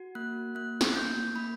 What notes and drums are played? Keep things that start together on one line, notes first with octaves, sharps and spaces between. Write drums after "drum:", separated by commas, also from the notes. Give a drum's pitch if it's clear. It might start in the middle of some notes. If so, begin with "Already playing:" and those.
Already playing: F#4
A#3 F#6
A#3 F#6
drum: snare
A#3 G6
A#3 B5